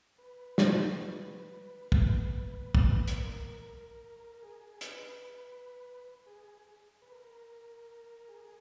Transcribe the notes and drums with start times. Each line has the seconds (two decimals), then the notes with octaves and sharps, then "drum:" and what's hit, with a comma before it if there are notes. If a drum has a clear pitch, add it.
0.19 B4
0.58 drum: snare
1.92 B4, drum: kick
2.75 drum: kick
3.08 A#4, drum: hi-hat
3.66 A#4
4.24 A#4
4.43 G#4
4.62 G#4
4.81 B4, drum: hi-hat
6.26 G#4
7.02 B4
7.12 A#4
8.28 G#4